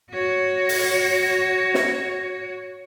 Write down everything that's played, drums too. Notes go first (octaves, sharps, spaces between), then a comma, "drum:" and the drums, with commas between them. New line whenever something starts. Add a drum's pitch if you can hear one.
F#4 C#5
drum: open hi-hat
drum: snare